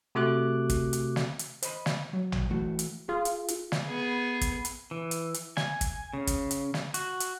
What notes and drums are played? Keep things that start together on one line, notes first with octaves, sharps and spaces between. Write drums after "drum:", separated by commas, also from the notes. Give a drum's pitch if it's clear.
C3 A3 F#4 D6 F#6
drum: kick, hi-hat
drum: hi-hat
drum: snare
drum: hi-hat
C5 D#5 B5, drum: hi-hat
drum: snare
F#3
drum: tom A1
E3 A3 F#4
drum: hi-hat
F4 G#4
drum: hi-hat
drum: hi-hat
drum: snare
B3 G#4
drum: kick, hi-hat
drum: hi-hat
E3
drum: hi-hat
drum: hi-hat
G#5, drum: snare
drum: kick, hi-hat
C#3
drum: kick, hi-hat
drum: hi-hat
drum: snare
F#4, drum: hi-hat
drum: hi-hat